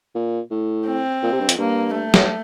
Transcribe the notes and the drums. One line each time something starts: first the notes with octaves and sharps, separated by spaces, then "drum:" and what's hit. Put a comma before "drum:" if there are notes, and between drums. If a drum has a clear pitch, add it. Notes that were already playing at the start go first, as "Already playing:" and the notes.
A#2
A2
C4
A#2
C3
G2
F2, drum: hi-hat
G2 A#3
A3
drum: snare